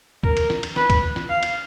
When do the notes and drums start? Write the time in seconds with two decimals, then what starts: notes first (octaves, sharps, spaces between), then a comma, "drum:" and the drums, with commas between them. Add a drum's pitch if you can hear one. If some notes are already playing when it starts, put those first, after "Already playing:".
0.23 A#4, drum: kick
0.37 drum: cymbal
0.50 drum: snare
0.63 drum: cymbal
0.76 B4, drum: snare
0.90 drum: kick, cymbal
1.16 drum: snare
1.29 F5
1.43 drum: cymbal